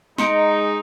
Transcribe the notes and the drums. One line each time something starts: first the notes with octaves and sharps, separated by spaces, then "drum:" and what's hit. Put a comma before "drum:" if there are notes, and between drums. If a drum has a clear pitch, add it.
G#3 D#4 C6 C#7 D7, drum: snare